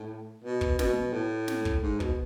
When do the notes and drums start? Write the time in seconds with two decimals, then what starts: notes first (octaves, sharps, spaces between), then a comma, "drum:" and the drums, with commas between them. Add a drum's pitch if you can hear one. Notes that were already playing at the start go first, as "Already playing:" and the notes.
Already playing: A2
0.44 B2
0.61 drum: kick
0.79 B2, drum: snare
1.13 A2
1.48 drum: snare
1.65 drum: kick
1.82 G#2
2.00 B2, drum: kick